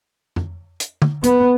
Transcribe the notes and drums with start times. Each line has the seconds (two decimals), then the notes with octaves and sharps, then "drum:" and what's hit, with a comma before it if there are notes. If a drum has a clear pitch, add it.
0.36 drum: tom F2
0.80 drum: hi-hat
1.02 drum: tom D3
1.23 B3, drum: hi-hat